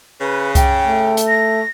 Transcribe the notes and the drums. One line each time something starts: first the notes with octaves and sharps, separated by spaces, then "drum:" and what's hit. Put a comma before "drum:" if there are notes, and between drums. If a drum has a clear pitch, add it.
C#3 B4
G5, drum: kick C2, hi-hat
A3
drum: hi-hat
A#6